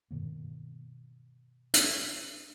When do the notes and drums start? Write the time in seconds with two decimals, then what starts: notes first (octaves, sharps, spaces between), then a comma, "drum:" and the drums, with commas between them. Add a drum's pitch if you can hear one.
0.11 G2 B2 D#3 A#3
1.74 drum: hi-hat